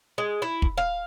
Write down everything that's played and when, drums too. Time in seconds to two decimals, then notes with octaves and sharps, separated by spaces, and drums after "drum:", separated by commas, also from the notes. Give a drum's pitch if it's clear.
0.18 G#3
0.42 E4
0.62 drum: kick
0.78 F5